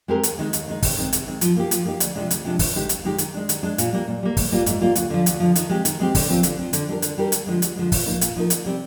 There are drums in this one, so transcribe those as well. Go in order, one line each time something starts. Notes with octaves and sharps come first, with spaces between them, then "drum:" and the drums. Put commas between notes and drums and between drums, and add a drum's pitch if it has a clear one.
G#3 C4 G4 A#4
D#2, drum: hi-hat
D#3 G#3 D#4
D#2, drum: hi-hat
D#3 G#3 D#4
C3, drum: kick, open hi-hat
D#3 G#3 C4
C3, drum: hi-hat
D#3 G#3 C4
F3, drum: hi-hat
A#3 D#4 G4
F3, drum: hi-hat
A#3 D#4 G4
D2, drum: hi-hat
C3 F3 G#3 D4
D2, drum: hi-hat
C3 F3 G#3 D4
D#2, drum: kick, open hi-hat
D3 G#3 D#4 G4
D#2, drum: hi-hat
D3 G#3 D#4 G4
D#3, drum: hi-hat
G#3 D4
D#3, drum: hi-hat
G#3 D4
A#2, drum: hi-hat
G3 A#3
A#2
G3 A#3
G#2, drum: kick, open hi-hat
G3 A#3 F4
G#2, drum: hi-hat
G3 A#3 F4
D2, drum: hi-hat
D3 F3
D2, drum: hi-hat
D3 F3
D#3, drum: hi-hat
G#3 C4 G4
D#3, drum: hi-hat
G#3 C4 G4
D3, drum: kick, open hi-hat
F3 C4
D3, drum: hi-hat
F3 C4
D3, drum: hi-hat
G3 D4 G4 A#4
D3, drum: hi-hat
G3 D4 G4 A#4
D2, drum: hi-hat
D3 F3 G#3
D2, drum: hi-hat
D3 F3 G#3
A#2, drum: kick, open hi-hat
F3 A#3 D#4 A#4
A#2, drum: hi-hat
F3 A#3 D#4 A#4
D2, drum: hi-hat
C3 G3 C4